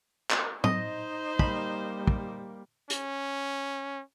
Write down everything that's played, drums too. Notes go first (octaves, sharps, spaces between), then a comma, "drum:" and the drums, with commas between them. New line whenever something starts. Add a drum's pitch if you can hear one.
drum: clap
D#4 C5 D#5, drum: tom
G3 A#3 B5, drum: kick
drum: kick
C#4, drum: hi-hat